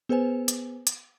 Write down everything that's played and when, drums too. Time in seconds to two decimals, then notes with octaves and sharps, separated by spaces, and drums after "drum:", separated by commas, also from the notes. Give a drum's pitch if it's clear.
0.09 B3 G#4 B4 C5 G#5
0.48 drum: hi-hat
0.87 drum: hi-hat